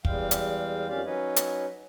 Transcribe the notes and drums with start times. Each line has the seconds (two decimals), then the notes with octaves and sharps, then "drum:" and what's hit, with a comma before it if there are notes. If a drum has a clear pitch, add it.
0.05 E2 E3 G3 G#3 F5 G5, drum: kick
0.31 drum: hi-hat
0.89 F2 D#3 C#4 G4 D5 F5
1.05 F#3 C#4 D#4 B4 C#5 D#5
1.36 drum: hi-hat